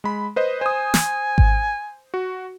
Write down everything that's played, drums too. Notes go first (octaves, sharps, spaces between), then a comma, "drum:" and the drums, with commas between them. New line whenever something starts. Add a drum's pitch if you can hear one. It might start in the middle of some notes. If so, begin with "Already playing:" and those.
G#3 B5
B4 C5 D#5
C5 G#5 D#6
drum: snare
drum: kick G#1
F#4